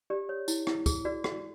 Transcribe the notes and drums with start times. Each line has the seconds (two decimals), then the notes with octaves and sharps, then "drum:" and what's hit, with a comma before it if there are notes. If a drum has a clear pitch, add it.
0.10 G4 D5
0.29 C#5
0.48 E4, drum: tambourine
0.67 E4, drum: rim click
0.86 G#4, drum: kick, tambourine
1.05 F#4 D5
1.24 F#4, drum: rim click